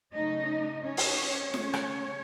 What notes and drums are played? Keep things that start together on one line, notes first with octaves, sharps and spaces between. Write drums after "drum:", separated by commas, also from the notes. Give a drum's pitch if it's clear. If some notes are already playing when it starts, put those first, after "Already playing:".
C#3 F#3 A3 C#4 D#4 D#5
C#4 C#5
drum: open hi-hat
C#3 A3 C#4, drum: snare
drum: rim click